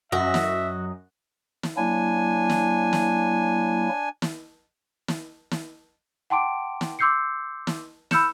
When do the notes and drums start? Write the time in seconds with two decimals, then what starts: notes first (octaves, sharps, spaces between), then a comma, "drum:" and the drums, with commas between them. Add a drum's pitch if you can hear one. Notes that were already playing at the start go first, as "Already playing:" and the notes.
0.12 F#2 F#4 D#5 E5
0.34 drum: snare
1.63 drum: snare
1.77 F#3 A#3 D4 E4 G#5
2.50 drum: snare
2.93 drum: snare
4.22 drum: snare
5.08 drum: snare
5.51 drum: snare
6.30 F#5 G5 A5 C6 D6 D7
6.81 drum: snare
6.99 C6 D6 E6 G6 C7 C#7
7.67 drum: snare
8.11 B5 E6 F6 G6 C#7 E7, drum: snare